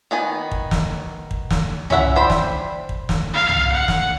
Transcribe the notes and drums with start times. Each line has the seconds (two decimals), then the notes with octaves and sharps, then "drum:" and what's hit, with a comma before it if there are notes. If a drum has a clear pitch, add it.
0.11 D#3 B3 G#5
0.51 drum: kick
0.71 drum: snare
1.31 drum: kick
1.50 drum: snare
1.90 C#4 E4 E5 F#5, drum: tom C2
2.16 D4 C5 G5 B5
2.30 drum: snare
2.89 drum: kick
3.09 drum: snare
3.34 F5
3.48 drum: tom C2
3.72 F#5
3.88 drum: snare